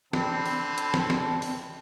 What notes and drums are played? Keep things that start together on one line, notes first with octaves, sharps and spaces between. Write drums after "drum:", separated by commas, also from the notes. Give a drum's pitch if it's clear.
D3 C4 A5 B5, drum: snare
drum: open hi-hat
drum: hi-hat
drum: snare
drum: snare
drum: open hi-hat